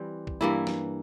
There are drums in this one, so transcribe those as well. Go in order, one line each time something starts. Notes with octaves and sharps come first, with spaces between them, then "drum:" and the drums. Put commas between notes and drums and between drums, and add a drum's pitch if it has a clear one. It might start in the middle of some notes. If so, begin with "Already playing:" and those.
Already playing: E3 G3 C4
drum: kick
G2 E3 A#3 E4
drum: snare